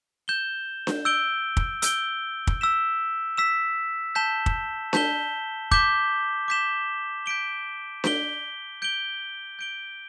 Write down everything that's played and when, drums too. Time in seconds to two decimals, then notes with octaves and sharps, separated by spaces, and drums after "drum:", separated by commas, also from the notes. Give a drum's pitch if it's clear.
0.28 G6 E7 G7
0.87 drum: snare D4
1.05 E6 G6 D7 G7
1.57 drum: kick
1.82 E6 G6 D7 G7, drum: hi-hat
2.47 drum: kick
2.61 E6 B6 E7
3.38 E6 B6 E7
4.15 A5 G6 B6 E7 G7
4.46 drum: kick
4.93 A5 G6 B6 E7 G7, drum: snare D4
5.71 D6 G6 B6 E7 G7, drum: kick
6.48 D6 G6 B6 E7 G7
7.26 G6 B6 D7 G7
8.04 G6 B6 D7 G7, drum: snare D4
8.82 G6 D7 G7
9.59 G6 D7 G7